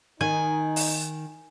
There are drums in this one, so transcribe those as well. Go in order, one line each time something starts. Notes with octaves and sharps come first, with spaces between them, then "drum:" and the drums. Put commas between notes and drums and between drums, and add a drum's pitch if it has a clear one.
D#3 D#4 G#5
drum: open hi-hat